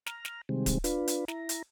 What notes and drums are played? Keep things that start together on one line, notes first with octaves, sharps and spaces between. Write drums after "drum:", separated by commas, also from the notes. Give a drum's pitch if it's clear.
A#5 F6, drum: snare
drum: snare
C3 D#3 G3 G#3 C4
drum: kick D1, hi-hat
D4 F4 B4, drum: hi-hat
drum: hi-hat
E4 A#5, drum: snare
drum: hi-hat